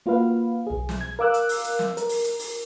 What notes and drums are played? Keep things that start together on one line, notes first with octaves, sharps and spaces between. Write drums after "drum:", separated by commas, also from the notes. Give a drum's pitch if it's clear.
A#3 F4 F#4 B4 F5
B1 G#4
drum: snare
G#6
A#4 F5 D6 E6 F#6
drum: hi-hat
drum: open hi-hat
drum: hi-hat
drum: snare
A#4, drum: hi-hat
drum: open hi-hat
drum: hi-hat
drum: open hi-hat